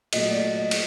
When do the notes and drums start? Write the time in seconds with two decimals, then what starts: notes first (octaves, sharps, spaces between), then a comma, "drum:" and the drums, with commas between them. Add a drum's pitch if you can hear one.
0.13 A#2 F#3 A3 D#5, drum: cymbal
0.30 D5
0.35 D#5
0.57 D#5
0.71 drum: cymbal